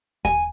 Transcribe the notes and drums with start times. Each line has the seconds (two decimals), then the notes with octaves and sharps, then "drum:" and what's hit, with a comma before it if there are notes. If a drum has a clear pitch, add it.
0.25 G#5, drum: kick D#2, hi-hat